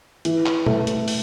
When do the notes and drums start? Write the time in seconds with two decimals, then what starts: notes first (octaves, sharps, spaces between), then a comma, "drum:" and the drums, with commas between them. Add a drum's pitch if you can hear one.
0.25 E3, drum: hi-hat
0.46 drum: clap
0.66 A3, drum: tom
0.87 drum: hi-hat
1.08 drum: open hi-hat